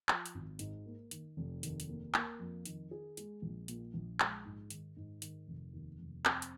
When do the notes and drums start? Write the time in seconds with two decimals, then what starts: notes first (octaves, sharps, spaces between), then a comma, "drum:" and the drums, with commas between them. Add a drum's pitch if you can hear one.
0.09 F3, drum: clap
0.26 drum: hi-hat
0.35 G#1
0.59 G#2, drum: hi-hat
0.86 A#3
1.11 D#3, drum: hi-hat
1.37 F1
1.63 D#2, drum: hi-hat
1.80 drum: hi-hat
1.89 A#3
2.14 A#3, drum: clap
2.39 F2
2.65 D#3, drum: hi-hat
2.91 G#4
3.17 G#3, drum: hi-hat
3.42 A#1
3.68 A#2, drum: hi-hat
3.94 A#1
4.20 G#3, drum: clap
4.45 G#2
4.70 D#3, drum: hi-hat
4.97 G#2
5.22 D#3, drum: hi-hat
5.48 F1
5.73 D#2
5.99 F1
6.25 C4, drum: clap
6.42 drum: hi-hat